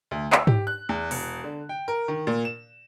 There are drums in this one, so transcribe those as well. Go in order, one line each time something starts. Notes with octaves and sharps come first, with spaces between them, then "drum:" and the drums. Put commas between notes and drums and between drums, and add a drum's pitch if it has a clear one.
D2
E6, drum: clap
G4, drum: tom G#2
F#6
E2
E1, drum: open hi-hat
D3
G5
A#4
D#3
A#2
E7